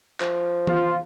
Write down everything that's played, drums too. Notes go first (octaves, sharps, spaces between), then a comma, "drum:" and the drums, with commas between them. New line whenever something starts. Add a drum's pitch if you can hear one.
F3, drum: clap
F4, drum: tom E3